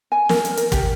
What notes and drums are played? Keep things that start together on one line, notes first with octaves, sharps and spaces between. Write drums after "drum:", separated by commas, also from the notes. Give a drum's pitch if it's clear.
G#5
A#4, drum: snare
drum: hi-hat
A#4, drum: hi-hat
G4, drum: kick, hi-hat